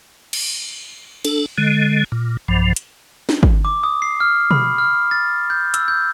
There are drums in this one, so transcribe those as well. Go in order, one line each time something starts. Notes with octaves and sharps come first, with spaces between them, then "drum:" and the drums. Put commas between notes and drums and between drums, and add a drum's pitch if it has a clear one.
drum: cymbal
D4 A4, drum: cymbal
D3 G#3
A#2
B1 G2 F3
drum: hi-hat
drum: snare
drum: kick
D6
D#6
C7
F6
B5, drum: tom B2
F6
A6
G6
E6, drum: hi-hat
G6